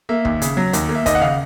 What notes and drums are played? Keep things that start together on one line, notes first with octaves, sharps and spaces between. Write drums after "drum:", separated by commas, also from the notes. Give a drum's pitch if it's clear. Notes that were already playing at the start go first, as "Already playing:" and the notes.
A#3 E5
D#2, drum: kick
C#3, drum: hi-hat
F#3
D#2, drum: hi-hat
A#3
E5
D#2 D#5, drum: kick, hi-hat
F#5
C#3 F5